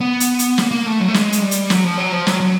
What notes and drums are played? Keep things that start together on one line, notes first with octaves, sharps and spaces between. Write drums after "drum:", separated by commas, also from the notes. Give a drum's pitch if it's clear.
B3
drum: hi-hat
drum: hi-hat
A#3, drum: snare
A#3
A3
F#3
A3
G#3, drum: snare
drum: hi-hat
G3
drum: hi-hat
F#3, drum: snare
F3
F#3
F3
F#3, drum: snare
F#3